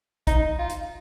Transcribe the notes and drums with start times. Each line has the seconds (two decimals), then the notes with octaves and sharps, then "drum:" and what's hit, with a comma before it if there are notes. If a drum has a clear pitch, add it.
0.27 D#4, drum: kick, hi-hat
0.59 F4
0.70 drum: hi-hat